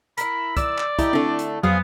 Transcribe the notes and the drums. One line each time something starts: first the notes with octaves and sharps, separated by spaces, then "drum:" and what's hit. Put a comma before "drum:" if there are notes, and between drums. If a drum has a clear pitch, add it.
E4 A#4 B5, drum: hi-hat
D5 E6, drum: kick, hi-hat
drum: clap
D#4 E4 G4 A4, drum: kick, hi-hat
D3 A3 C4 D4 A4
drum: hi-hat
F2 F#3 B3 C4 G#4 F5